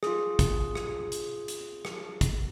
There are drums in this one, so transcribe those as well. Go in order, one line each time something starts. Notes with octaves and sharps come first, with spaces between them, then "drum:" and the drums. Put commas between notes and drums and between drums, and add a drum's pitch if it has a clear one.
F4 G#4, drum: rim click
drum: kick, hi-hat
drum: rim click
drum: hi-hat
drum: hi-hat
drum: rim click
drum: kick, hi-hat